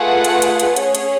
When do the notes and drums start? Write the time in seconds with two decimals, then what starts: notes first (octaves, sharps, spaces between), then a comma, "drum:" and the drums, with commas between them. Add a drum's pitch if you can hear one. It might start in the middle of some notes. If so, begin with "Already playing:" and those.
Already playing: A3 F4 G#4 B4 F#5
0.24 drum: hi-hat
0.42 drum: hi-hat
0.60 drum: hi-hat
0.76 C#4 G#4 C#5, drum: hi-hat
0.95 drum: hi-hat